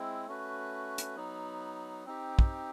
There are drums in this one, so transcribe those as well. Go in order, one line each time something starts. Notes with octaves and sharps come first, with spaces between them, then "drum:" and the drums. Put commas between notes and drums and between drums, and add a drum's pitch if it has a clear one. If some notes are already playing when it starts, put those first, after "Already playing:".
Already playing: G#3 C4 E4
A3 C#4 F#4 B4
drum: hi-hat
F#3 B3 D#4
C4 D#4 G4
drum: kick